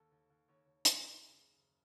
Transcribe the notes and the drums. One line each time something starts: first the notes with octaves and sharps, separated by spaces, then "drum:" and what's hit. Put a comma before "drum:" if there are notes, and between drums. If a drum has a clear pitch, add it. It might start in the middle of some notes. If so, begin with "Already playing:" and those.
Already playing: D#2 A4
D#2
D#2
D#2 C#5
D#2
D#2, drum: hi-hat
F#1
C#3
C#3
F#1